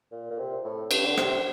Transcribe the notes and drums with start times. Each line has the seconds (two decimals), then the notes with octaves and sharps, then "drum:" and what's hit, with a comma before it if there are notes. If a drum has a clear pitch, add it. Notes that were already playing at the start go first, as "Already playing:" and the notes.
0.12 A#2
0.30 A#2
0.38 C3
0.65 A2
0.91 G2, drum: cymbal
1.05 D3
1.18 C3, drum: rim click